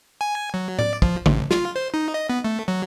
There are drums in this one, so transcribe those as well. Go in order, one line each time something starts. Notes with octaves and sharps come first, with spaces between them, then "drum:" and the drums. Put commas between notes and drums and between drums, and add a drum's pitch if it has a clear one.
G#5
F#3
D5, drum: tom A2
F3, drum: kick
A1, drum: tom C#3
F4, drum: snare
C5
D#4
D#5
B3
A3
F#3